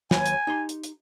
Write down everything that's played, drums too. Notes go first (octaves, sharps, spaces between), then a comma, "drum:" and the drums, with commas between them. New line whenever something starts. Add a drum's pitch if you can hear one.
D#2 F#3 B4 G#5, drum: snare
drum: hi-hat
D#4 G4 C6
drum: hi-hat
drum: hi-hat